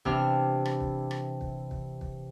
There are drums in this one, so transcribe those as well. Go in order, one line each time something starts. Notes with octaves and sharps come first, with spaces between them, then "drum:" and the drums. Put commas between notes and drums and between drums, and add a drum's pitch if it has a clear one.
C3 E3 D4 F6, drum: kick
drum: rim click
drum: kick
drum: rim click
drum: kick
drum: kick
drum: kick